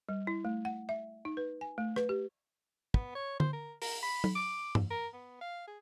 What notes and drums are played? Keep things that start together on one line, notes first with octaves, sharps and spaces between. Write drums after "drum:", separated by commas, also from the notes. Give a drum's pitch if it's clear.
G3
E4
A3
F#5
E5
D#4
B4
G#5
A3
B4, drum: rim click
G4
B3, drum: kick
C#5
C5, drum: tom D3
A#4
A#4, drum: open hi-hat
B5
drum: tom
D6
drum: tom
A#4
B3
F5
G#4